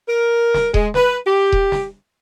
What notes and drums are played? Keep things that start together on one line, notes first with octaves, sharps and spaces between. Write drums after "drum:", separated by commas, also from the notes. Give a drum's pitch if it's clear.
A#4
drum: snare
G#3, drum: kick D#1
B4, drum: snare
G4
drum: kick D#1
drum: snare